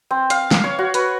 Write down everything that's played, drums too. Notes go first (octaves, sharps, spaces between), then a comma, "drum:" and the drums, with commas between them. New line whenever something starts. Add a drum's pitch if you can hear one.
C4
F5, drum: hi-hat
F5, drum: snare
C#5
F#4
B4, drum: hi-hat